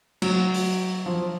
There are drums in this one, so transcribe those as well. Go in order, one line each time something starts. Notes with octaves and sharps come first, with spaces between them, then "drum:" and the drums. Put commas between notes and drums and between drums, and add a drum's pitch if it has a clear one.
F#3, drum: cymbal
drum: open hi-hat
F3